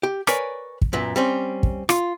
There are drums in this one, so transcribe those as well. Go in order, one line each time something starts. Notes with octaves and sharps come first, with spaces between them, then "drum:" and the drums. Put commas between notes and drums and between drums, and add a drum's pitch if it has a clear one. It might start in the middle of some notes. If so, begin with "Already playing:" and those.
G4
A#4 B4 C#5 D5 G#5, drum: rim click
drum: kick
F#2 A#2 B3
G3 C4 C#4
drum: kick
F4, drum: rim click